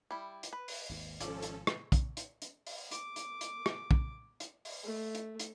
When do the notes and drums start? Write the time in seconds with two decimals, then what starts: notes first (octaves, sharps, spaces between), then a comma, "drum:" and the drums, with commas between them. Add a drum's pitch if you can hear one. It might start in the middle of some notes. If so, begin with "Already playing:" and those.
0.11 G3 E4
0.43 drum: hi-hat
0.53 B4
0.68 drum: open hi-hat
0.89 G#1 D#2
1.20 G#1 C3 F3 C#4 A4 D5, drum: hi-hat
1.42 drum: hi-hat
1.67 drum: rim click
1.92 drum: kick, hi-hat
2.17 drum: hi-hat
2.42 drum: hi-hat
2.67 drum: open hi-hat
2.91 D6, drum: hi-hat
3.16 drum: hi-hat
3.41 drum: hi-hat
3.66 drum: rim click
3.91 drum: kick
4.40 drum: hi-hat
4.65 drum: open hi-hat
4.83 A3
5.15 drum: hi-hat
5.40 drum: hi-hat